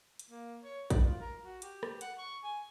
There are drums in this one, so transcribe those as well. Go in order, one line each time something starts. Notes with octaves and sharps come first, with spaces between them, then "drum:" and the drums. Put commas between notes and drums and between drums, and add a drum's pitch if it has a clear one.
drum: hi-hat
A#3
C#5
D5, drum: kick A#1, hi-hat
F4
A#4
F#4
G4, drum: hi-hat
drum: rim click
F#5, drum: hi-hat
C#6
G#5